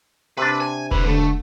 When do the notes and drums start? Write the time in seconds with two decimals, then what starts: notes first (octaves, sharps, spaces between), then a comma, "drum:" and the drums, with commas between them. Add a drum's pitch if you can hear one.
0.37 C3 D4 B4
0.60 G#5
0.91 C2 D3 B4, drum: kick E1
1.06 D3 A3